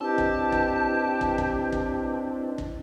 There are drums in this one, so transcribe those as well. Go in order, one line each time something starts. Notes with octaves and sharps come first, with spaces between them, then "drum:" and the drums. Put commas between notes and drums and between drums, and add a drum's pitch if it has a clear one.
C4 D4 E4 G4 B4 D#5 A5
drum: kick
drum: kick
drum: kick
drum: kick
drum: kick
drum: kick